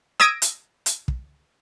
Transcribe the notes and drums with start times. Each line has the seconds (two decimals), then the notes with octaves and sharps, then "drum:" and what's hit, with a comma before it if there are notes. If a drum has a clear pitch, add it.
0.20 D#6 E6 G#6 A#6 D7 D#7, drum: rim click
0.42 drum: hi-hat
0.86 drum: hi-hat
1.08 drum: kick